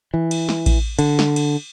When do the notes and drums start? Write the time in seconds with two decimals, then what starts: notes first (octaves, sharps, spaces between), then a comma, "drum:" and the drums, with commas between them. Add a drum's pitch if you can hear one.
0.14 E3
0.31 drum: cymbal
0.49 drum: snare
0.66 drum: kick A1, cymbal
0.99 D3, drum: cymbal
1.19 drum: snare
1.36 drum: cymbal